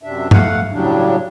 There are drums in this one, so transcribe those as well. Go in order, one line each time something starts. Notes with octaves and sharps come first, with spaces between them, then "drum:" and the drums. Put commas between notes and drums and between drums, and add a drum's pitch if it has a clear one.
F#2 C3 D4 E5
A3 F5 F#5, drum: tom G2
A2 C#3 F#3 G3 D4